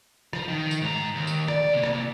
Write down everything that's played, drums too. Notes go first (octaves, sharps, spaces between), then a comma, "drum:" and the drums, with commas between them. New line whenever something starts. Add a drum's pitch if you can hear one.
F3, drum: rim click
D#3
drum: tambourine
G#2 A#5
D#2
drum: tambourine
D5, drum: rim click
C3 A#3
drum: rim click